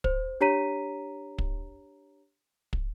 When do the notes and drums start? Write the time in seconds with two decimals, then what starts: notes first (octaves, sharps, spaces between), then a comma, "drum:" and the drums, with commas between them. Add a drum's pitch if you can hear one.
0.04 C5, drum: kick
0.41 D4 G4 C#5 A#5 B6 D#7
1.38 drum: kick
2.73 drum: kick